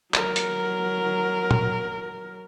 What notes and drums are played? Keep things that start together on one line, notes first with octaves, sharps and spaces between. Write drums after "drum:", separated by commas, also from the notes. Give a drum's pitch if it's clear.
F#3 A#4, drum: clap
drum: hi-hat
drum: tom